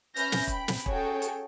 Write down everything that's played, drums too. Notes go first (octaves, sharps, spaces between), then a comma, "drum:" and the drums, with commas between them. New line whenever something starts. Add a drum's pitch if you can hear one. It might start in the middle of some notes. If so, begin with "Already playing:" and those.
C#4 B4 E5 F6 G6 A#6, drum: hi-hat
drum: snare
G5 B5, drum: kick, hi-hat
drum: snare
C#4 F#4 G#4 A4 C#5 G5, drum: kick
drum: hi-hat